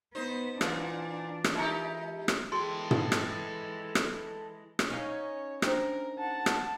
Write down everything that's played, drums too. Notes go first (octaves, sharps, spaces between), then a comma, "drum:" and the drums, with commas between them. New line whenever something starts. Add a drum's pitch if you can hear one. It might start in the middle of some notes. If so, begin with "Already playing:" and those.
B3 D#4 C5
A#2 E3 A#3 D4 F4, drum: rim click
drum: rim click
G#3 D#4 E4 G4 A#4
drum: rim click
E3 G#3 F#4 G#4 A4 G5 C6
drum: tom
drum: rim click
drum: rim click
drum: rim click
C#4 D#4 C#5 F5
D4 A#4 C5, drum: rim click
F#5 A5
drum: rim click